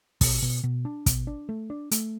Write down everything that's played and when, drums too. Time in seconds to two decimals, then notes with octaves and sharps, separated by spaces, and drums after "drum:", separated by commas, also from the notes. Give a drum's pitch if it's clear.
0.21 B2, drum: kick, open hi-hat
0.42 B2
0.64 B2
0.85 D4
1.06 B2, drum: kick, hi-hat
1.27 D4
1.49 A3
1.70 D4
1.91 A3, drum: hi-hat